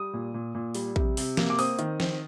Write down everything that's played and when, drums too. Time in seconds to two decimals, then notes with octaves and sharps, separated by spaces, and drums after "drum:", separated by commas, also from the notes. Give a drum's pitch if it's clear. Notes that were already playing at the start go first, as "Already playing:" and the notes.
Already playing: G3 D#6
0.13 A#2
0.34 A#2
0.54 A#2
0.75 G3, drum: open hi-hat
0.96 C3, drum: kick
1.17 C3, drum: open hi-hat
1.37 A#3, drum: snare
1.50 D6
1.59 C4 D#6, drum: open hi-hat
1.79 D#3, drum: hi-hat
2.00 C4, drum: snare